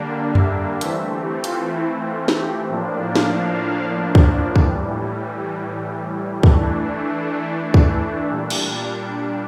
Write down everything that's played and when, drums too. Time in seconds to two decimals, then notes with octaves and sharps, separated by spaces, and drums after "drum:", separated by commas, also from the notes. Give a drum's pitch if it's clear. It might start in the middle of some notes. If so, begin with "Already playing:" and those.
Already playing: D3 G3 A#3 D4
0.35 E5, drum: tom F2
0.81 E3 A3 C4 E5, drum: hi-hat
1.13 G4
1.44 F4, drum: hi-hat
1.75 E4
2.07 F4
2.28 drum: snare
2.37 G4
2.69 A2 F3 A#3 D4
3.15 F5, drum: snare
4.15 drum: kick
4.56 A2 E3 G3, drum: kick
6.43 E3 A3 D4, drum: kick
7.74 drum: kick
8.30 A#2 G3 D4
8.50 drum: cymbal